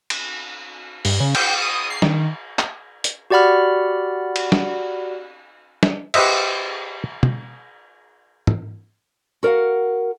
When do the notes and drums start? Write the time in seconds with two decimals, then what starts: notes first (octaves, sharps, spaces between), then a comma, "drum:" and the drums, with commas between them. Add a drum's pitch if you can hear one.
0.10 drum: cymbal
1.05 G2, drum: open hi-hat
1.20 C#3
1.35 G5, drum: cymbal
1.62 D#6
1.90 C7
2.02 D#3, drum: snare
2.59 drum: clap
3.04 drum: hi-hat
3.30 F#4 G4 D5 F#5 B5 F6
4.36 drum: cymbal
4.52 drum: snare
5.83 drum: snare
6.14 G4 B4 C5 D#5 E5, drum: cymbal
7.23 drum: tom
8.47 drum: tom
9.43 F#4 A#4 D5 F5 F#5